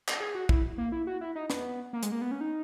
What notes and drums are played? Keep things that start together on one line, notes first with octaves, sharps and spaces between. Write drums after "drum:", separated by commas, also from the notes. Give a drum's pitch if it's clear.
drum: clap
G#4
F#4
E4, drum: kick
A#3
E4
F#4
E4
D#4
B3, drum: snare
A#3
G#3, drum: hi-hat
A#3
B3
C#4
D#4